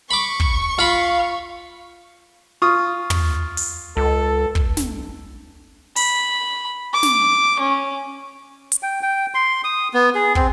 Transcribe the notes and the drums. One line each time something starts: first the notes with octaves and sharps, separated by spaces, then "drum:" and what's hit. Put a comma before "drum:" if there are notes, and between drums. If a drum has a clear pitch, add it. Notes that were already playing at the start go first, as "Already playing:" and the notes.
B5 C#6 D6
drum: kick
F4 F5 B5
F4 C#6 D#6
drum: tom
drum: open hi-hat
C#2 A4
drum: kick
drum: snare
B5, drum: open hi-hat
D6
drum: snare
C#4
drum: hi-hat
G5
G5
C6
D#6
B3
G#4
C4, drum: kick